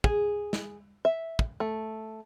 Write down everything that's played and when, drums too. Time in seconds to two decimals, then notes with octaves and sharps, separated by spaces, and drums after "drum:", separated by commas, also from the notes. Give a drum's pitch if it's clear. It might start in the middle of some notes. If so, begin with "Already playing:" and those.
0.04 G#4, drum: kick
0.53 drum: snare
1.05 E5
1.39 drum: kick
1.60 A3